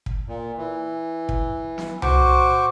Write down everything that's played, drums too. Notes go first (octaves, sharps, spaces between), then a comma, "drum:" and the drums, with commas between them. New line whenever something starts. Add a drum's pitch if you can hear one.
drum: kick
A#2
E3
drum: kick
drum: snare
F#4 C5 C#6 D6, drum: tom C2